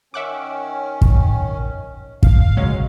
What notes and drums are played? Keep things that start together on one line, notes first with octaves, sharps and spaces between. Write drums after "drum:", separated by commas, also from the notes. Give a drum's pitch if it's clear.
D#3 C#4 E5 F#5 D6
drum: kick
F5, drum: kick
C#2 F#3 G#3 C#4